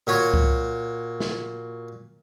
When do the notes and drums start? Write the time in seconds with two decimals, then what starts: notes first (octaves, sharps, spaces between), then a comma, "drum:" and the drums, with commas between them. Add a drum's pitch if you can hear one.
0.07 A#2 F#4 C#5
0.34 drum: kick C2
1.20 drum: snare